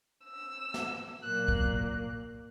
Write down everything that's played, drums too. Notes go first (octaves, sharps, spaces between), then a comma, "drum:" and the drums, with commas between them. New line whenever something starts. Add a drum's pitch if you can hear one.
E6
drum: snare
A#2 F#3 A#3 F#6
drum: kick